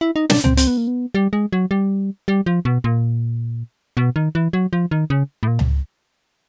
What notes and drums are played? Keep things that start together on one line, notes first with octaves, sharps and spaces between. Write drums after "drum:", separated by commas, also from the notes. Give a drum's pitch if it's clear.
E4
D#4
D4, drum: snare
C4, drum: tom C#2
C4, drum: hi-hat
B3
A#3
B3
G3
G#3
F#3
G3
G3
F3
B2
A#2
B2
D#3
E3
F#3
F3
D#3
C#3
A2
A#2
drum: tom C#2